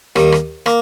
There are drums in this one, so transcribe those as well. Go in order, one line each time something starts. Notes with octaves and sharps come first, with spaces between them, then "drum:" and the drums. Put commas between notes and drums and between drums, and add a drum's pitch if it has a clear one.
D#2 D#3 G3, drum: rim click
drum: rim click
A#3, drum: rim click